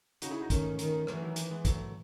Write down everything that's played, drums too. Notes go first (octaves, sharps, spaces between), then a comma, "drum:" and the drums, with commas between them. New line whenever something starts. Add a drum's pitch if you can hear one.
C#3 D#4 F#4, drum: hi-hat
E4 G#4
D#4 F#4
D#3 A3 C#4, drum: kick, hi-hat
D#3, drum: hi-hat
E3 F#3 A3, drum: rim click
D#3 F#3
D#3, drum: hi-hat
G#3 B3
F#3 A3, drum: kick, hi-hat